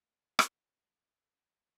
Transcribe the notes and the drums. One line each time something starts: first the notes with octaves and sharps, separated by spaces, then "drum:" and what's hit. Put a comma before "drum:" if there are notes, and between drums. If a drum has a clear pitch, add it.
A3 F#4
drum: rim click
C6